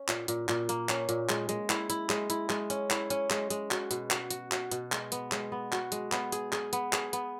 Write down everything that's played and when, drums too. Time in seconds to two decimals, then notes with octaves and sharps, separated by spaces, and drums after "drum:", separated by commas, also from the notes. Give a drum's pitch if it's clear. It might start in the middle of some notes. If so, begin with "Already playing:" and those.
Already playing: C#4
0.08 A#2, drum: clap
0.28 A#2, drum: hi-hat
0.49 A#2, drum: clap
0.69 A#3, drum: hi-hat
0.89 C#4, drum: clap
1.09 A#2, drum: hi-hat
1.29 G#3, drum: clap
1.49 G#3, drum: hi-hat
1.70 E4, drum: clap
1.90 E4, drum: hi-hat
2.10 G#3, drum: clap
2.30 E4, drum: hi-hat
2.50 G#3, drum: clap
2.70 C#4, drum: hi-hat
2.90 E4, drum: clap
3.10 C#4, drum: hi-hat
3.30 G#3, drum: clap
3.50 G#3, drum: hi-hat
3.71 F#4, drum: clap
3.91 B2, drum: hi-hat
4.11 F#4, drum: clap
4.31 F#4, drum: hi-hat
4.52 F#4, drum: clap
4.71 B2, drum: hi-hat
4.92 G#3, drum: clap
5.12 B3, drum: hi-hat
5.32 G#3, drum: clap
5.52 B3
5.72 F#4, drum: clap
5.92 G#3, drum: hi-hat
6.12 B3, drum: clap
6.32 G#4, drum: hi-hat
6.52 G#4, drum: clap
6.73 B3, drum: hi-hat
6.93 G#4, drum: clap
7.13 B3, drum: hi-hat